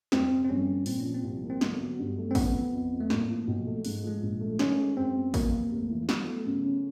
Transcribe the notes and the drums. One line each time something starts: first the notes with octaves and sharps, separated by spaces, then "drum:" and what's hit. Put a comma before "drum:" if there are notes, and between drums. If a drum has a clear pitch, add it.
F2 C4, drum: snare
C3
C4
G1 C#4
F3
A#2 C4, drum: open hi-hat
C#4
F3
C4
C2
A#3
C4
D3 B3, drum: snare
F#3
G2
A3
C4
C#3 B3, drum: kick, open hi-hat
F3
F2
F2
A3
A2 A#3, drum: snare
F3
B1
A3
G#2 G#3, drum: open hi-hat
A3
F3 G#3
A#1
A3
D#3 C#4, drum: snare
G#3
F#2 C4
B3
F2 A#3, drum: kick, open hi-hat
C3
F1
E3
F#3 B3, drum: snare
A3
C#3
C#4